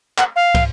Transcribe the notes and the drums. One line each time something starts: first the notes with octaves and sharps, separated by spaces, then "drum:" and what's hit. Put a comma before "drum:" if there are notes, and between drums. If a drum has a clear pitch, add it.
F#5, drum: clap
F5
drum: kick, cymbal